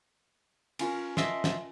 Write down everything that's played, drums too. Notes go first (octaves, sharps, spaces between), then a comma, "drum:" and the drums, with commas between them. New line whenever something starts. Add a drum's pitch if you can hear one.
C#4 F4 A#4, drum: cymbal
A#4 D#5 E5 A5 C6, drum: snare
drum: snare